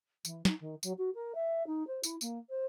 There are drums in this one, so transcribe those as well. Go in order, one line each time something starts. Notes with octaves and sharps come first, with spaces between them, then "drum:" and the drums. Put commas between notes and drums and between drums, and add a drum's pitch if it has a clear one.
E3, drum: tambourine
D#4, drum: snare
D#3
F#3, drum: tambourine
F#4
A#4
E5
D#4
C5
E4, drum: tambourine
A#3, drum: tambourine
C5